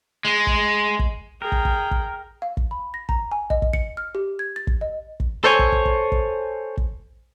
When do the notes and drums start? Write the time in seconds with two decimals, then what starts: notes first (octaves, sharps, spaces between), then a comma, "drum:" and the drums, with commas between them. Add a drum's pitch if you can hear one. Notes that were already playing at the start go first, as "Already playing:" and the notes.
0.25 G#3
0.47 drum: kick
0.99 drum: kick
1.42 G#4 A#4 G5
1.52 drum: kick
1.65 drum: kick
1.91 drum: kick
2.42 F5
2.57 drum: kick
2.71 B5
2.94 A#6
3.09 A#5, drum: kick
3.32 G#5
3.50 D#5, drum: kick
3.62 drum: kick
3.73 C#7, drum: kick
3.97 F6
4.15 G4
4.39 G#6
4.56 A6
4.67 drum: kick
4.81 D#5
5.20 drum: kick
5.44 A4 C5 C#5 G#5
5.59 drum: kick
5.72 drum: kick
5.85 drum: kick
6.12 drum: kick
6.77 drum: kick